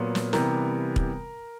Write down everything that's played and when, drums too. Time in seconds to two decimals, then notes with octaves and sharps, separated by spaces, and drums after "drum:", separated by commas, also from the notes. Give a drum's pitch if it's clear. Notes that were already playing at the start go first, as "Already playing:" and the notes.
Already playing: A#2 F#3 B3
0.15 drum: snare
0.33 C3 E3 G3 B3 A#4, drum: snare
0.96 drum: kick